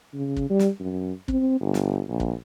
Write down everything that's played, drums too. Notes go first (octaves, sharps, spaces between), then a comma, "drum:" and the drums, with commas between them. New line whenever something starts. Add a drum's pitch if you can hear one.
C#3
drum: kick
G3
drum: snare
F#2
C4, drum: kick
G1
drum: snare
A#1
drum: kick